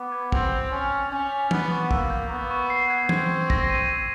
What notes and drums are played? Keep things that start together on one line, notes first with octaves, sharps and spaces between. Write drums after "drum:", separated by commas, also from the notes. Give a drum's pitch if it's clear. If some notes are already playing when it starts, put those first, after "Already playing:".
Already playing: B3 D6
G#6
C4 F7, drum: kick
F7
C#4 A6
F7
C#4 G6
B6
B3 B6, drum: tom
C#6
A#3 E6, drum: kick
G6
B3 C#6
C#6
C7
G#6
C4 G#6, drum: tom
G#6
A#6, drum: kick
D#7
D#7